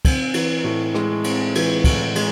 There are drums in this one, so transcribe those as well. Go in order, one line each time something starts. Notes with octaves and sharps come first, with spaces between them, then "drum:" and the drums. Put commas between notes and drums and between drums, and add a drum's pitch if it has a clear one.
C4, drum: kick, cymbal
E3, drum: cymbal
A2
G#3, drum: rim click
C4, drum: cymbal
E3, drum: cymbal
A2, drum: kick, cymbal
G#3, drum: cymbal